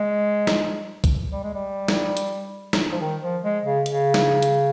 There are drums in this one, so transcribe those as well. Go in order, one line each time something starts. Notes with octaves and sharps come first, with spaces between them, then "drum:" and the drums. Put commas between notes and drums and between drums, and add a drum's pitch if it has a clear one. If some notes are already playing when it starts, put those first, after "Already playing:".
Already playing: G#3
drum: snare
drum: kick B1, hi-hat
G3
G#3
G3
drum: snare
drum: hi-hat
drum: snare
F3
D#3
F3
G#3
C#3
C#3, drum: hi-hat
drum: snare
drum: hi-hat